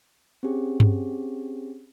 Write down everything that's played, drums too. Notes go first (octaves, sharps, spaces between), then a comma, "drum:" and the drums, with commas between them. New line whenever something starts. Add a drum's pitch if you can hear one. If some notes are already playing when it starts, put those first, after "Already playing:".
C4 C#4 G4 G#4
drum: tom G2